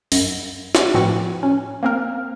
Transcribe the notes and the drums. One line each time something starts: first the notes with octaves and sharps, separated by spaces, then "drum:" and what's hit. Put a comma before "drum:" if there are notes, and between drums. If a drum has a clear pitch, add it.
F#2, drum: open hi-hat
drum: snare
A2 F3 C4 F#4 B4 C#6
C#4
A#3 C4 A#4